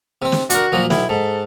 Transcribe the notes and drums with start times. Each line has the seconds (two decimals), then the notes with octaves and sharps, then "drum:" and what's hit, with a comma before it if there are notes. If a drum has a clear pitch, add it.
0.22 C3 C4
0.32 drum: snare
0.50 D4 F#4 A#4, drum: hi-hat
0.72 A#2 F3 F#3
0.90 B1 E4, drum: snare
1.09 G#2 A4